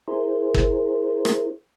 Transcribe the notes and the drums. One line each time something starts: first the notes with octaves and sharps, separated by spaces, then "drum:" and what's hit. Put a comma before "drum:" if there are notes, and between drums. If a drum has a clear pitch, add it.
E4 G#4 A#4 C5
drum: kick
drum: rim click